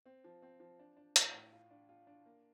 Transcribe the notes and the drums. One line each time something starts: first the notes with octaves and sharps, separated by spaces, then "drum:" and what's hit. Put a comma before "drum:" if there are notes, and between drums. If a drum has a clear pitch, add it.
C4
F3
C4
F3
D4
D4
A2, drum: hi-hat
A2
F4
D4
F4
D4
A#3